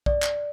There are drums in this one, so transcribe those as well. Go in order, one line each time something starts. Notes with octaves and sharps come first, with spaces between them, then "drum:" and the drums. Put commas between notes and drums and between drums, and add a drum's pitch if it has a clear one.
D5, drum: kick
drum: clap